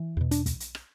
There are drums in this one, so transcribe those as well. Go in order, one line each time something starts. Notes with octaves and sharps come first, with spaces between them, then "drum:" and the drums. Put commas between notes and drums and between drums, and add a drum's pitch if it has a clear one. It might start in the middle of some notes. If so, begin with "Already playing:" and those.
Already playing: E3
E2 B2
D4, drum: hi-hat
drum: kick, hi-hat
drum: hi-hat
drum: rim click